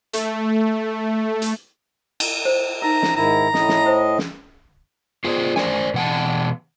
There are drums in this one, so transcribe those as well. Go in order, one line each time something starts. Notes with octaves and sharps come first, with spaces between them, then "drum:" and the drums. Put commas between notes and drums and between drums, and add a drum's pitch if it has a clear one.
A3, drum: hi-hat
drum: hi-hat
drum: cymbal
C5
D#4 A#4 A#5
drum: snare
G#2 D#3 E4 A#5
A2 D#5, drum: snare
drum: snare
C5
drum: snare
F4 G#4 C5
A#4 C5 D5 G#5, drum: snare
B2 E3 F#5 G5 A5